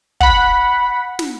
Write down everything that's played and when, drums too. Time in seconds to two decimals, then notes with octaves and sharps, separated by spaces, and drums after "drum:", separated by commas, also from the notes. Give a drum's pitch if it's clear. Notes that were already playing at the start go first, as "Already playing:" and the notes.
0.20 F#5 B5, drum: kick
1.19 drum: snare